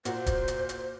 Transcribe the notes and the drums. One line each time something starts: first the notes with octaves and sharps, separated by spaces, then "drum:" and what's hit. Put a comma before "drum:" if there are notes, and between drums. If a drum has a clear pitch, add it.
A#2 F#4 C5, drum: hi-hat
drum: kick D#1, hi-hat
drum: hi-hat
drum: hi-hat